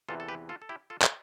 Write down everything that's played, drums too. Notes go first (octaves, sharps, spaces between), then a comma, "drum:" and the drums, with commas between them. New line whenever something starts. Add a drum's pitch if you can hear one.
E2 C3 E3 F4 A4
A4
G4 B4
F4 A4
A4
E4 G4
F4 A4
A4, drum: clap